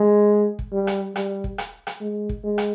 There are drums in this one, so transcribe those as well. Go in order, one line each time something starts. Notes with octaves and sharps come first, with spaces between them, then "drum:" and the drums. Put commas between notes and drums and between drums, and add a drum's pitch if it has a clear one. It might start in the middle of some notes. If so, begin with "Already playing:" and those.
Already playing: G#3
drum: kick
G3
drum: rim click
G3, drum: rim click
drum: kick
drum: rim click
drum: rim click
G#3
drum: kick
G#3
drum: rim click